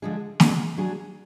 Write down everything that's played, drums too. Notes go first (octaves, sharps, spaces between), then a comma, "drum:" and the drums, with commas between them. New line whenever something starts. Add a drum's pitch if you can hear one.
D3 F3 G#3 D4 G#4
D3 F3 G#3 D4 G#4, drum: snare
F#3 D4 G#4